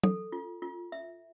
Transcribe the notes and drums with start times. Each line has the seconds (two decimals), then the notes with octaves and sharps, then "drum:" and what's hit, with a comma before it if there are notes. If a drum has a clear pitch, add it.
0.03 A4, drum: tom
0.32 F4
0.62 F4
0.92 E5